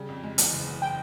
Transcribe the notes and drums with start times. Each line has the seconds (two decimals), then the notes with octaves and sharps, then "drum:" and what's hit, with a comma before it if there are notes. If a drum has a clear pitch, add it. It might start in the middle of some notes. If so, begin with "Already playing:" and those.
Already playing: C#3 G3
0.09 F2
0.24 G#3
0.38 E2, drum: hi-hat
0.53 F#1
0.66 E2
0.82 G5